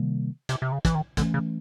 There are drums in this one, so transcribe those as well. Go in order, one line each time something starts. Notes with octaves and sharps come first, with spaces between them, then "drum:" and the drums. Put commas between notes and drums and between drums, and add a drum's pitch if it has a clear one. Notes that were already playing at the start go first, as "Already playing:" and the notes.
Already playing: C3 D#3 G3 A#3
C3, drum: hi-hat
C3
C#3
E3, drum: kick, hi-hat
D#3
D3 E3 A3 C#4, drum: kick, hi-hat
C#3